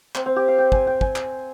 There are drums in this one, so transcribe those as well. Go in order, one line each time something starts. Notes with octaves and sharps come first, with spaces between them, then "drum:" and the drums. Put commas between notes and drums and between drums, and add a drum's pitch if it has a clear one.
C4, drum: clap
C4
G4
F5
G5
G#5, drum: kick
G5
G#5, drum: kick
drum: clap